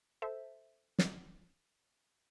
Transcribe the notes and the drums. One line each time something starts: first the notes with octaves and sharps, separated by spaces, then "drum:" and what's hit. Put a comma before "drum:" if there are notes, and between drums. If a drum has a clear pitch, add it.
A4 C5 E5
drum: snare